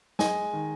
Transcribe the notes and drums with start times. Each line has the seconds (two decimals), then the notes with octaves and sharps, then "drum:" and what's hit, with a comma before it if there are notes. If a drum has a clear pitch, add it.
0.19 G#3 D#5 G#5, drum: snare
0.53 D#3